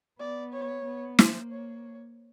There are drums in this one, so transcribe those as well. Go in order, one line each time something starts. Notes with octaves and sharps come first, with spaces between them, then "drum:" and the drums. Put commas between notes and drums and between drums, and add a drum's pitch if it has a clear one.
B3 D5
C#5
B3
A#3 C5, drum: snare
C#5